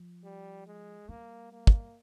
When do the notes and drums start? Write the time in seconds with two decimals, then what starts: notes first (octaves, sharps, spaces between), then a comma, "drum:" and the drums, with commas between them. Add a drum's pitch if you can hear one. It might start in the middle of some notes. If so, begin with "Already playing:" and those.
Already playing: F3
0.23 G3
0.66 G#3
1.09 G3 A#3
1.52 A#3
1.67 drum: kick